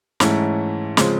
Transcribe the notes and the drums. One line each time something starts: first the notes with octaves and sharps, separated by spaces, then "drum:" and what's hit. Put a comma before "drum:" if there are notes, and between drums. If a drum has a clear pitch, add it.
G#2 E3 A3 C#4 E4, drum: snare
C#3 F3 G#3 C4, drum: snare